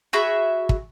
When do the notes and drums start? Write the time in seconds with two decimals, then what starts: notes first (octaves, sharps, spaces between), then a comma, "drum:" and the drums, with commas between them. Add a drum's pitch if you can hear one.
0.13 F#4 G#4 E5 B5
0.69 drum: kick